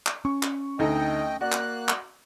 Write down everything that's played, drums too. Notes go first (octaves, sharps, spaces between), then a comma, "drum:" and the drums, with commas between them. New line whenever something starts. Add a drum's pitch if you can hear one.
drum: clap
C#4 C#6
drum: clap
D2 A3 D#4 A4 D#5 G5
A#3 F#4 D5 F#6
drum: clap
drum: clap